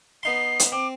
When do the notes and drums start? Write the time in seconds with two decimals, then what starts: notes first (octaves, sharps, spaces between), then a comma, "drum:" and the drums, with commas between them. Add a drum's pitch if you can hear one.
0.23 B3 D#4 C6 C7
0.60 drum: hi-hat
0.72 C4 D6